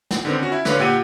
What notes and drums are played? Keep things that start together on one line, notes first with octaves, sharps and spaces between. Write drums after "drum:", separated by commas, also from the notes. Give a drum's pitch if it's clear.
drum: snare
D3 D#3 B3 C4 A#4
C#4 F#4
E4
D3 B4 C#5 F5, drum: snare
A#2 G4 F#5 D#7